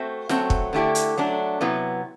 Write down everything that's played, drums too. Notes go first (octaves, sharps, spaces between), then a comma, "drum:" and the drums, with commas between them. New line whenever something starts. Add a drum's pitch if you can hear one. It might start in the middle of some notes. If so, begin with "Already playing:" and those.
Already playing: A3 C4 F#4 C5 E5
F#3 A3 C4 F#4, drum: snare
drum: kick
D3 A3 E4 G4 D5
drum: hi-hat
F#3 A3 D4
C3 F#3 B3 E4